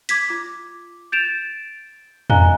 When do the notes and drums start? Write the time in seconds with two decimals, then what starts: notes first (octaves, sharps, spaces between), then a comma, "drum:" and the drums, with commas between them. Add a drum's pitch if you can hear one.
0.09 D6 G#6 B6, drum: hi-hat
0.28 F4 D6
1.12 G6 A6 D7 E7 F7
2.30 D#5 F5 G#5 A#5 F#6 G7, drum: tom E2